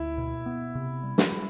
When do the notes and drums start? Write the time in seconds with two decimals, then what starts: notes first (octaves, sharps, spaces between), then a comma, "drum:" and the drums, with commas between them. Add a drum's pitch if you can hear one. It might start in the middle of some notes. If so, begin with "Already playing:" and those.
Already playing: D2 E4
0.18 B2
0.46 B3
0.75 C3
1.03 G3
1.18 drum: snare
1.32 G3